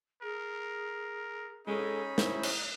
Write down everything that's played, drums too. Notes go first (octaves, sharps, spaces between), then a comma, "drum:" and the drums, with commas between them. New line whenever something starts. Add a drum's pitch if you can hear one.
G#4 A#4
G#3 C#4 D#4 A4 B5
E4 C5, drum: snare
drum: cymbal